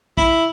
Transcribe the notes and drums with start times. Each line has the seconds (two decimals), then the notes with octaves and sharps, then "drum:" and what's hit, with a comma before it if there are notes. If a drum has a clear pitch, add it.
0.17 E4, drum: kick